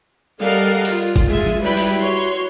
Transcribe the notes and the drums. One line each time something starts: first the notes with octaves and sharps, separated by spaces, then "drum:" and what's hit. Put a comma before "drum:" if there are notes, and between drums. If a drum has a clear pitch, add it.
G3 A4 A#4 D#5 F5 F#5
F4, drum: open hi-hat
drum: kick, hi-hat
G#3 F4 G#4 E5
drum: tom
F#3 G3 E4 B4 G5 B5
drum: open hi-hat
F#4 C#5 C6